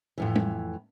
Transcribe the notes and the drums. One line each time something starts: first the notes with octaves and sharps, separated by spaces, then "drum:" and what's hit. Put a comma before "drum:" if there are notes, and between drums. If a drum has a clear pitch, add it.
F2 A2 E3
drum: tom G3